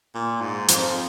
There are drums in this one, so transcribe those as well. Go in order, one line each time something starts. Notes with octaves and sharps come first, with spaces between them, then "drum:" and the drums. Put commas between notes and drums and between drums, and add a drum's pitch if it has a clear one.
A#2
G#2
F2 F3, drum: hi-hat